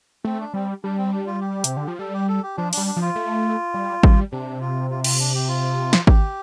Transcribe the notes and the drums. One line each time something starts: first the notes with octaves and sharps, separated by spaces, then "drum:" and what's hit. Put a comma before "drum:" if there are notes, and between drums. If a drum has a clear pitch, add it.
A3 C4
D4
G3 C4
G3 D4
C4
D4
F4
G4
C3, drum: hi-hat
D3
F3
G3 A4
G4
A4
G4
F3 D4
G3 D4, drum: open hi-hat
D4
F3
F4
A3
G3
G3, drum: kick G#1
C3 D4
F4
F4
F4, drum: cymbal
D4
G4
F4
drum: snare
G4, drum: kick G#1